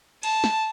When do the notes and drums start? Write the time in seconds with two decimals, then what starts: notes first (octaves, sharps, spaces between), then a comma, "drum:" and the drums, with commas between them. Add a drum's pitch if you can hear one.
0.23 A5, drum: cymbal
0.44 drum: snare